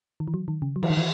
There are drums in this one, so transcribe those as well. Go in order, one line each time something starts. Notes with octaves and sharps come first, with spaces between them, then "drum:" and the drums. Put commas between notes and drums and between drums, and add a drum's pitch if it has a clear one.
D#3
E3
F#3
D#3
C#3
F#3
E3, drum: cymbal
D#3
E3